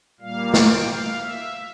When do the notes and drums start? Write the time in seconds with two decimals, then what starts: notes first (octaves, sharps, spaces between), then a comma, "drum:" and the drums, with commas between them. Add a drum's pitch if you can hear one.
0.20 A#2 G3 A#3 F5
0.54 G5, drum: snare
0.88 F5
1.21 E5